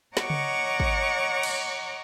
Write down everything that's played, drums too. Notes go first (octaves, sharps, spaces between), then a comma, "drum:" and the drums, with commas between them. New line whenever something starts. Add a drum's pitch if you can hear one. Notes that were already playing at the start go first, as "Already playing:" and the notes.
C#5 D#5 F#5 A#5 C#6 D6, drum: snare
drum: tom C#3
drum: kick
drum: cymbal